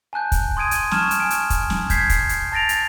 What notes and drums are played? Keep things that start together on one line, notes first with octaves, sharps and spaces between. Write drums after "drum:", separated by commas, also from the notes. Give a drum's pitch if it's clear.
G#5 A5 F#6 G6
drum: kick, hi-hat
C6 D#6 G#6 D7 D#7
drum: hi-hat
A5 C#6 F6 G#6 E7, drum: snare
drum: hi-hat
G#5 D7
drum: hi-hat
drum: kick, hi-hat
drum: snare
G6 G#6 B6 C7, drum: kick, hi-hat
drum: kick, hi-hat
drum: hi-hat
A5 A6 A#6 D7 F7
drum: hi-hat